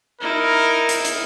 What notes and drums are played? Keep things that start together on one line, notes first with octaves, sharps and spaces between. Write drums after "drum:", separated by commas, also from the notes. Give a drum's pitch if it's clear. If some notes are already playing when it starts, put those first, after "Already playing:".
D#4 E4 A#4
drum: hi-hat
drum: hi-hat